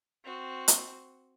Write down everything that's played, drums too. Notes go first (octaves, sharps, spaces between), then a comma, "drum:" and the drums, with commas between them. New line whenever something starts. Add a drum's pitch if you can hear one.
C4 F#4
drum: hi-hat